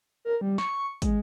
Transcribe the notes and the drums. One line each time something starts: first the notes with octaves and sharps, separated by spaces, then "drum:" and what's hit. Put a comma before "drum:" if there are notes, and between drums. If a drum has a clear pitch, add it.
A#4
G3
C#6, drum: snare
G#3, drum: kick, hi-hat